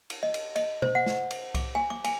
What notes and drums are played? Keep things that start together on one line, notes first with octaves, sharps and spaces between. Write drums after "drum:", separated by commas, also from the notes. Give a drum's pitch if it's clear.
drum: cymbal
D#5
drum: cymbal
D#5, drum: cymbal
C5, drum: tom B2
F#5
drum: snare
drum: cymbal
D6, drum: kick C2, cymbal
G#5
D6
G#5, drum: cymbal